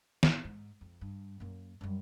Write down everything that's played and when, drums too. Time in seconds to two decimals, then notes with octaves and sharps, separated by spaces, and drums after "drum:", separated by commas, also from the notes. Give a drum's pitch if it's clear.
0.23 A1, drum: snare
0.44 G#2
0.81 F2
1.01 G2
1.40 F#2 A#3
1.81 F#2 G3